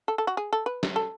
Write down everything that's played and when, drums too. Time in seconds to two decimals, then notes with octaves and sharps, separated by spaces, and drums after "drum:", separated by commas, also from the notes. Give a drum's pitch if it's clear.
0.08 A4
0.18 A4
0.27 F#4
0.37 G#4
0.53 A4
0.66 B4
0.83 drum: snare
0.96 A4